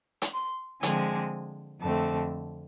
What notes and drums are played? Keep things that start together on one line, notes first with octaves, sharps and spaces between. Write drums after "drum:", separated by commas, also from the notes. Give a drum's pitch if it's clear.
drum: hi-hat
C6
D3 F3 G#3 C4 G#5, drum: hi-hat
F2 D3 A3 C4 A5